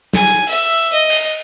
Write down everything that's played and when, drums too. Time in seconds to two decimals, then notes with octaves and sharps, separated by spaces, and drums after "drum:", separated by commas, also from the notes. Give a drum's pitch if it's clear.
0.13 G#5, drum: snare
0.27 drum: tambourine
0.48 E5, drum: open hi-hat
0.92 D#5
1.10 drum: cymbal